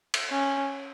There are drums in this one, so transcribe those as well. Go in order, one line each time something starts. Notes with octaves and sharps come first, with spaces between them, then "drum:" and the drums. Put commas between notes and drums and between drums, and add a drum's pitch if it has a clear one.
drum: cymbal
C#4